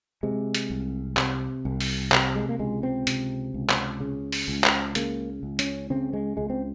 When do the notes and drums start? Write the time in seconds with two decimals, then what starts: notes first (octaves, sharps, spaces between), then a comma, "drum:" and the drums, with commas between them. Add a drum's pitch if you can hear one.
0.23 C3 G#3
0.55 drum: hi-hat
0.70 C2
1.17 C3, drum: clap
1.65 C2
1.80 drum: open hi-hat
2.12 C3, drum: clap
2.36 G#3
2.49 A#3
2.59 C#2 G#3
2.83 C4
3.07 C3, drum: hi-hat
3.54 C#2
3.69 drum: clap
4.01 C#3
4.32 drum: open hi-hat
4.48 C#2
4.64 drum: clap
4.95 C#3 A#3, drum: hi-hat
5.43 C#2
5.59 C#4, drum: hi-hat
5.90 C#3 C4
6.13 G#3
6.37 C#2 G#3
6.50 C4